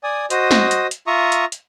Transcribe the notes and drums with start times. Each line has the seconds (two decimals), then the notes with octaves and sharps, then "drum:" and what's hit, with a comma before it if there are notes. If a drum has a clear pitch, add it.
0.04 D5 G#5 D#6
0.30 F#4 C5 D#5 D#6, drum: hi-hat
0.51 drum: snare
0.71 drum: hi-hat
0.91 drum: hi-hat
1.07 F4 E5 A#5 C#6 D#6
1.32 drum: hi-hat
1.52 drum: hi-hat